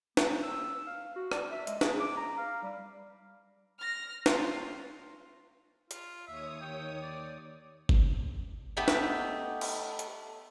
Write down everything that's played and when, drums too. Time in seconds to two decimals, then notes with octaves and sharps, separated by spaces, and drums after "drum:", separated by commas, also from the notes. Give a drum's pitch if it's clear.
0.17 A#3, drum: snare
0.43 E6
0.86 F5
1.16 F#4
1.32 D5, drum: rim click
1.51 E5
1.67 G#3, drum: hi-hat
1.81 G#4, drum: snare
2.00 D6
2.17 A#5
2.37 F5
2.63 G3
3.79 F6 A#6
4.26 F4, drum: snare
5.91 F4, drum: hi-hat
6.28 D#2 C#5 E5 D#6
6.62 G5
7.02 D5
7.89 drum: kick G1
8.77 A3 B3 D#4 G4
8.88 drum: snare
9.61 drum: cymbal
9.99 drum: hi-hat